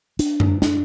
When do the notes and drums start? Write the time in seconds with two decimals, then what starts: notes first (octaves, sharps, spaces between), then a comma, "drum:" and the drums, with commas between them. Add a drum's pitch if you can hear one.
0.19 D4, drum: hi-hat
0.40 drum: tom F#2
0.62 D4, drum: snare